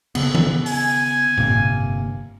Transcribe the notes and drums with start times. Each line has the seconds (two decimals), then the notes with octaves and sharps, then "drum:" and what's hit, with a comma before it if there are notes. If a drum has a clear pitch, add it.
0.15 C#3 B3, drum: cymbal
0.35 drum: tom D#3
0.66 G#5, drum: open hi-hat
1.38 G1 C3 A#3, drum: tom A2